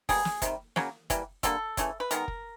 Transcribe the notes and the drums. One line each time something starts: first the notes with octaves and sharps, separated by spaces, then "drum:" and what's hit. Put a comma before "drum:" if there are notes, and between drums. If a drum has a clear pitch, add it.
B2 G3 A#3 G#4, drum: kick F#1, open hi-hat
drum: snare
C3 D#3 G3, drum: kick F#1, hi-hat
C#3 F#3 A#3, drum: snare
E3 G3 A#3, drum: kick F#1, hi-hat
D3 G3 A#3 A4, drum: kick F#1, hi-hat
C#3 E3 A3, drum: kick F#1, hi-hat
B4
D#3 G#3 B3 A#4, drum: hi-hat
drum: kick F#1